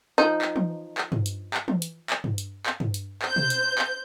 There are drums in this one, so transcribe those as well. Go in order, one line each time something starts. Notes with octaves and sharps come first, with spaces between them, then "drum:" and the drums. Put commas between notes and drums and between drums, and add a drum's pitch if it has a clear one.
F3 D#4
drum: clap
drum: tom E3
drum: clap
drum: tom G2
drum: hi-hat
drum: clap
drum: tom E3
drum: hi-hat
drum: clap
drum: tom G2
drum: hi-hat
drum: clap
drum: tom G2
drum: hi-hat
C5 G6, drum: clap
drum: tom B2
drum: hi-hat
drum: clap